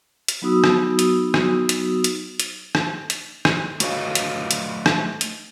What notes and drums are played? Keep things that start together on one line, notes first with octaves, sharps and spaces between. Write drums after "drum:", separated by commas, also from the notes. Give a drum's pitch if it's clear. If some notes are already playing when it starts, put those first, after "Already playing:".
drum: hi-hat
F#3 B3 D#4 F#4 D#6 E6
drum: rim click
drum: hi-hat
drum: rim click
drum: hi-hat
drum: hi-hat
drum: hi-hat
drum: rim click
drum: hi-hat
drum: rim click
A3 F#4 B4 C#5 D#5 F5, drum: hi-hat
drum: hi-hat
drum: hi-hat
drum: rim click
drum: hi-hat